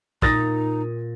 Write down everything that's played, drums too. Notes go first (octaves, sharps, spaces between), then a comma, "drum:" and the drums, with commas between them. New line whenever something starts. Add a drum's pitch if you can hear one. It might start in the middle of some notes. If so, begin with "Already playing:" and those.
A#2 D#4 D#6 A6 A#6, drum: kick